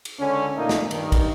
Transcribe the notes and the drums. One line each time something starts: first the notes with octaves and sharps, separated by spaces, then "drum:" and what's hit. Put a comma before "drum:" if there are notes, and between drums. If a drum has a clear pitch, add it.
drum: cymbal
C#2 D3 C#4
A#2 A3 A#3 D4 D#4
drum: snare
G2 D#3, drum: cymbal
drum: kick, cymbal